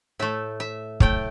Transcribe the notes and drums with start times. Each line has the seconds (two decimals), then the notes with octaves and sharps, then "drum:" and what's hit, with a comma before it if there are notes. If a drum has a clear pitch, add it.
0.19 A2 A3 E5
0.60 E5
1.00 A2 A3 G5, drum: kick